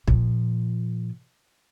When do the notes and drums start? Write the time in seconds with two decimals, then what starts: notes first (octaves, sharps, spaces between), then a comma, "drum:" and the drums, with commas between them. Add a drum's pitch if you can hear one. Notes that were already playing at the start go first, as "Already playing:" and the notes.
0.08 A#2 F3, drum: kick